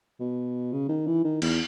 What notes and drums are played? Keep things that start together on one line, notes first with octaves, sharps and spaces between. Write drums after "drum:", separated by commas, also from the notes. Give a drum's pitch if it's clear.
B2
C#3
D#3
E3
D#3
E2, drum: cymbal